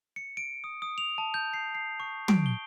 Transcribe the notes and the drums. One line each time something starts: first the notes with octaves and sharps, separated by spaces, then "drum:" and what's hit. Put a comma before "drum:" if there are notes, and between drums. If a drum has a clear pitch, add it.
C#7
D7
D#6
D#6
F7
A5
G6
C7
C7
C#6
D7, drum: tom
G7